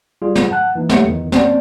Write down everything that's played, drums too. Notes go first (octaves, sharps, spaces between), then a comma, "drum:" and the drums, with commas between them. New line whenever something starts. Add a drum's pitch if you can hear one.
G3 F4 G#4
drum: snare
F#5 A5 F#6
E3 A#3 D#4
G3 A3 A#3 G4 C#5 C#7, drum: snare
E2 D#3
A#3 C4 C#4 D5 G5 A5, drum: snare